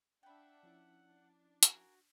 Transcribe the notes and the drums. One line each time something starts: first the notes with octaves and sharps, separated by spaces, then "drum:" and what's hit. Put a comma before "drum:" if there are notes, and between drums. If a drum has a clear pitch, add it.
D4 E5 F#5 G5 B5
F3 C#4 E4
D4
F#4 A#4 G#5, drum: hi-hat